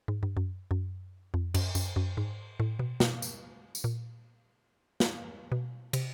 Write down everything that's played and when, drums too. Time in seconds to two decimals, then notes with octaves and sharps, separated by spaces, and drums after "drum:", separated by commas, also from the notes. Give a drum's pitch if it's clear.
0.08 G#2
0.23 G2
0.37 F#2
0.71 F#2
1.34 F2
1.54 F#2, drum: cymbal
1.75 F#2, drum: tambourine
1.96 F#2
2.17 G#2
2.60 A2
2.79 B2
3.00 B2, drum: snare
3.22 drum: tambourine
3.75 drum: tambourine
3.84 A#2
5.00 drum: snare
5.52 B2
5.93 C3, drum: cymbal